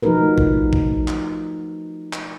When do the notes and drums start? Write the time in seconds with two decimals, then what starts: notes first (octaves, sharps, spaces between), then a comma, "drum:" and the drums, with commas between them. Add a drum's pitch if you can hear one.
0.03 F3 A3 D#4 F#4 A#4 B4
0.38 drum: kick
0.73 drum: kick
1.08 drum: clap
2.13 drum: clap